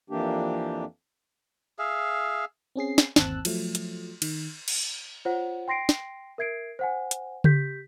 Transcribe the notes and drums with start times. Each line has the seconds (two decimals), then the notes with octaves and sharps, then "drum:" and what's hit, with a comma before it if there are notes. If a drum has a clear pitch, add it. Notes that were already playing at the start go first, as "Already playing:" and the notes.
0.10 F2 E3 A#3 D4 G4
1.79 G#4 E5 F5
2.76 C4 C#4 G#4 C7
2.98 drum: snare
3.16 G1 D#2 C4 A5 E6 F#6, drum: snare
3.45 F3 F#3 A3, drum: cymbal
3.75 drum: hi-hat
4.22 D#3, drum: cymbal
4.68 drum: cymbal
5.25 F4 C5 C#5 F#5
5.68 G5 C6 A#6 C7 D7
5.89 drum: snare
6.38 A#4 E5 G#6 C7 D7
6.79 C5 F#5 G#5
7.11 drum: hi-hat
7.44 G4 G6 B6, drum: tom C#3